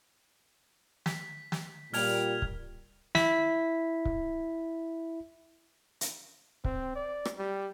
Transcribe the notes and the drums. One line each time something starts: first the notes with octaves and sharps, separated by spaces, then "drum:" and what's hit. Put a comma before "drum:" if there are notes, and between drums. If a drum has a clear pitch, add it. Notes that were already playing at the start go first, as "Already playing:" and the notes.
B6, drum: snare
drum: snare
A#2 G3 F6 G#6 F7, drum: open hi-hat
drum: kick C#1
E4 B6, drum: snare
drum: kick C#1
drum: hi-hat
C4, drum: kick C#1
D5
drum: rim click
G3